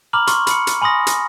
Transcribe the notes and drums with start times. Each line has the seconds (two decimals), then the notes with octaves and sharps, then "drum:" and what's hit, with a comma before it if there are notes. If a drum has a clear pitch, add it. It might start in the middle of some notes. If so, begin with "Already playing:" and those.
0.13 A#5 B5 D6 F6 F#7
0.27 C6 C#6, drum: hi-hat
0.47 B5 C#7, drum: hi-hat
0.67 drum: hi-hat
0.82 G#5 B5 C6 D#6 A#6
1.07 drum: hi-hat